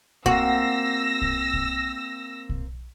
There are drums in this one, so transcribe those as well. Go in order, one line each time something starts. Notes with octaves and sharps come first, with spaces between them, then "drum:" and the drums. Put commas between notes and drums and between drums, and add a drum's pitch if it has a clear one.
A#3 C4 F#4 E6 A#6, drum: kick
drum: kick
drum: kick
drum: kick